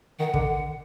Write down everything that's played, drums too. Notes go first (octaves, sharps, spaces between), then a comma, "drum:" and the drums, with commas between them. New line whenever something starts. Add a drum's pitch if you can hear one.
D#3 F#5
D3, drum: kick